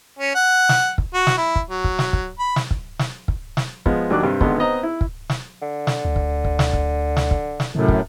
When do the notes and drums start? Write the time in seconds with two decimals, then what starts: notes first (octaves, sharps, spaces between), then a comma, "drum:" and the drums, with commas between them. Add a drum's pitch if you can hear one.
0.19 C#4
0.35 F#5
0.69 drum: snare
0.98 drum: kick
1.14 F#4
1.27 drum: snare
1.37 E4
1.56 drum: kick
1.70 F#3
1.84 drum: kick
1.99 drum: snare
2.13 drum: kick
2.39 B5
2.56 drum: snare
2.71 drum: kick
2.99 drum: snare
3.28 drum: kick
3.57 drum: snare
3.86 F3 G#3 B3, drum: kick
4.10 D#2 F#3 D4 D6 F#6
4.23 G2 C3 G3
4.41 G#1 D3 G#3 B3 C6, drum: kick
4.58 B3 C4 D#5 A#5
4.83 E4
5.01 drum: kick
5.30 drum: snare
5.62 D3
5.87 drum: snare
6.05 D2
6.16 drum: kick
6.45 drum: kick
6.59 drum: snare
6.73 drum: kick
7.16 drum: snare
7.31 drum: kick
7.60 drum: snare
7.75 F#2 A2 C3
7.88 drum: kick